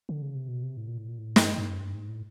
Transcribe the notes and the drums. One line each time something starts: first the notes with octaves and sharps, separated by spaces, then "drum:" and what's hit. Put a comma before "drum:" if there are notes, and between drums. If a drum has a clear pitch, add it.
D3
C#3
C3
B2
C3
A2
A#2
A2
A#2
A2
G2, drum: snare
G2
F#2
G2
G#2
A2